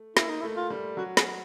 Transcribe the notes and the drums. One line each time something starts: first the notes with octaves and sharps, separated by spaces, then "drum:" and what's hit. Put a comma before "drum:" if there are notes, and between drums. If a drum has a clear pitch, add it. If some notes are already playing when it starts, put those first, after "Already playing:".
Already playing: A3
A#3 E4, drum: snare
D#4
A3 E4
F4
G3
F#3 F#4
G#4, drum: snare